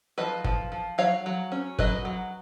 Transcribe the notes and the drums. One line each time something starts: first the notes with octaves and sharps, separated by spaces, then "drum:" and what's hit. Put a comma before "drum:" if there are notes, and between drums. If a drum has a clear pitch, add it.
F3 B4 D#5
F3, drum: kick G1
F3
F#3 C#5 F5
F#3
C#4
F#3 B4 D#5, drum: kick G1
F#3